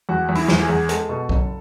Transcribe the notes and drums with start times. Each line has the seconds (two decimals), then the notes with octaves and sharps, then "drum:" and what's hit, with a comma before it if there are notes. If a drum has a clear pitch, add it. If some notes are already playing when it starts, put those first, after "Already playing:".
0.09 E2 F#4
0.29 E2
0.35 E4, drum: open hi-hat
0.48 E2, drum: snare
0.62 G#4
0.69 E2
0.89 G#3 A4, drum: hi-hat
1.09 B2
1.29 F#1, drum: kick B1